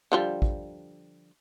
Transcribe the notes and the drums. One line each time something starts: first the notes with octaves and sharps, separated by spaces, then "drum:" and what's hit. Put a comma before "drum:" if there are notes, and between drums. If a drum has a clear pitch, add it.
D3 F3 G3
drum: kick A1